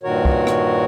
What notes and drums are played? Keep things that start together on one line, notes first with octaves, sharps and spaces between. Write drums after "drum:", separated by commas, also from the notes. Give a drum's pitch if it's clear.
G2 A#2 D#3 F#4 A#4 C#5
drum: kick
drum: rim click